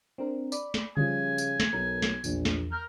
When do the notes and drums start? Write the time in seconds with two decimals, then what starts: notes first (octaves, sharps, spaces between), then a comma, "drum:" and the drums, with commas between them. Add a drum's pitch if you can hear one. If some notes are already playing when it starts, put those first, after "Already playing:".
0.18 C4 D4 A#4
0.52 D5 B5, drum: tambourine
0.74 drum: snare
0.97 C#3 F3 G3 G#5, drum: tom C#3
1.38 drum: tambourine
1.60 drum: snare
1.73 B1 A#4
2.02 drum: snare
2.24 A#1 E2, drum: tambourine
2.45 drum: snare
2.72 A#4 F6 G6